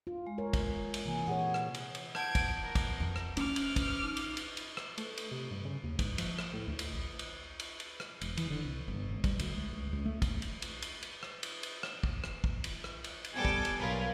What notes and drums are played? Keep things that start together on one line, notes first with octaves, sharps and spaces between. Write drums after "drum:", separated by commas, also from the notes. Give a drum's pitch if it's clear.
F4
G#3
A#4 C#5
drum: kick, cymbal
drum: cymbal
C3 E3 A#3 G#5
A#2 G#4 C#5 F#5
drum: rim click
drum: cymbal
drum: cymbal
F#5 A5 G6 G#6 D7, drum: rim click
drum: kick, cymbal
A#4
drum: kick, cymbal
F2
drum: rim click
C#4 D6 F6, drum: cymbal
drum: cymbal
drum: kick, cymbal
D#4
drum: cymbal
drum: cymbal
drum: cymbal
drum: rim click
A3, drum: cymbal
drum: cymbal
C3
G2
C#3
D#2
G#2, drum: kick, cymbal
F3, drum: cymbal
drum: rim click
A2
D2
drum: cymbal
A#1
drum: cymbal
drum: cymbal
drum: cymbal
drum: rim click
E1, drum: cymbal
E3, drum: cymbal
D3
C2
G1
G#1
G3, drum: kick, cymbal
D2, drum: cymbal
C#2
C#2
C#2
A3
drum: kick, cymbal
drum: cymbal
drum: cymbal
drum: cymbal
drum: cymbal
drum: rim click
drum: cymbal
drum: cymbal
drum: rim click
drum: kick
drum: rim click
drum: kick
drum: cymbal
drum: rim click
drum: cymbal
drum: cymbal
G3 B3 A4 G5 G#5 D6
drum: kick
drum: cymbal
B1 F4 A#4 B4